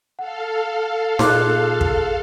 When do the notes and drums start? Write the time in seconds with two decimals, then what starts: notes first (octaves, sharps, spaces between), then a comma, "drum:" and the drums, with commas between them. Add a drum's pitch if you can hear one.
0.19 A4 F5 F#5
1.19 A#2 G#4 C6 D6 F#6, drum: snare D#4
1.81 drum: kick